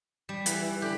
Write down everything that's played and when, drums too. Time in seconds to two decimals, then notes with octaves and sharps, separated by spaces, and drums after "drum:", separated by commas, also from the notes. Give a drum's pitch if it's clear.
0.29 G3
0.46 E3, drum: hi-hat
0.62 E3
0.82 D3 G4 B5